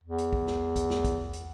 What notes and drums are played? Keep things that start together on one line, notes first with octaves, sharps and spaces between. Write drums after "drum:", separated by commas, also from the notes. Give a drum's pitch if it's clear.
E2
drum: hi-hat
drum: kick
drum: snare
drum: kick, hi-hat
drum: snare
drum: kick, hi-hat
drum: hi-hat